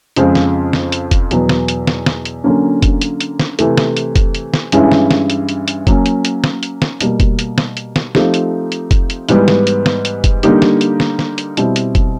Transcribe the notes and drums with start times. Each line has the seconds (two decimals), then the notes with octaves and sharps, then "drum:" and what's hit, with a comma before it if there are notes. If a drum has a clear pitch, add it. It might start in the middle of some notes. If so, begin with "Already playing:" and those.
0.16 F2 C#3 F3 G#3 C4, drum: hi-hat
0.35 drum: snare
0.73 drum: snare
0.92 drum: hi-hat
1.11 drum: kick F1, hi-hat
1.31 E2 B2 F#3 B3, drum: hi-hat
1.49 drum: snare
1.68 drum: hi-hat
1.87 drum: snare
2.06 drum: snare
2.25 drum: hi-hat
2.44 D3 F#3 A#3 C#4
2.82 drum: kick F1, hi-hat
3.01 drum: hi-hat
3.20 drum: hi-hat
3.39 drum: snare
3.59 C3 E3 A3, drum: hi-hat
3.78 drum: snare
3.97 drum: hi-hat
4.16 drum: kick F1, hi-hat
4.35 drum: hi-hat
4.54 drum: snare
4.72 G2 E3 G#3 C#4 E4, drum: hi-hat
4.92 drum: snare
5.11 drum: snare
5.30 drum: hi-hat
5.49 drum: hi-hat
5.68 drum: hi-hat
5.87 F#3 A#3 C#4, drum: kick F1, hi-hat
6.06 drum: hi-hat
6.25 drum: hi-hat
6.44 drum: snare
6.63 drum: hi-hat
6.82 drum: snare
7.01 B2 G3 A#3, drum: hi-hat
7.20 drum: kick F1, hi-hat
7.39 drum: hi-hat
7.58 drum: snare
7.77 drum: hi-hat
7.96 drum: snare
8.15 F3 A3 C4 D#4 G4, drum: snare
8.34 drum: hi-hat
8.72 drum: hi-hat
8.91 drum: kick F1, hi-hat
9.10 drum: hi-hat
9.29 G#2 E3 G3 B3, drum: hi-hat
9.48 drum: snare
9.67 drum: hi-hat
9.86 drum: snare
10.05 drum: hi-hat
10.24 drum: kick F1, hi-hat
10.43 D3 G3 A#3 D#4 G4, drum: hi-hat
10.62 drum: snare
10.81 drum: hi-hat
11.00 drum: snare
11.19 drum: snare
11.38 drum: hi-hat
11.57 B2 G3 C4 E4, drum: hi-hat
11.76 drum: hi-hat
11.95 drum: kick F1, hi-hat